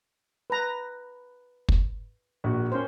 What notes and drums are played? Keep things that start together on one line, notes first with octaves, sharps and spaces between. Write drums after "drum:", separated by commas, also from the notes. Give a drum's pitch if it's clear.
B4 A#5
drum: kick
A#1 F#4
C#4 A#4 C5